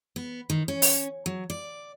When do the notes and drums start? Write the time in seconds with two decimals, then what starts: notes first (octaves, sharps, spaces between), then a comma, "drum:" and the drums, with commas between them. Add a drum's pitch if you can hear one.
0.16 B3
0.50 D#3
0.68 C#4
0.82 drum: open hi-hat
1.26 F#3
1.50 D5